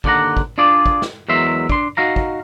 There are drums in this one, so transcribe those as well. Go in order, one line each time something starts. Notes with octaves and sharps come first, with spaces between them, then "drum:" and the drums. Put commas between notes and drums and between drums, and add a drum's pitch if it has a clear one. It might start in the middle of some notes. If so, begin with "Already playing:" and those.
D#2 D3 D5 F#5 A#5, drum: kick
drum: kick
D4 F4 G#4 D5
drum: kick
drum: snare
E2 F#3 G#3 A#4 E5 C6
D4 C6, drum: kick
D#4 F#4 F5 A#5
drum: kick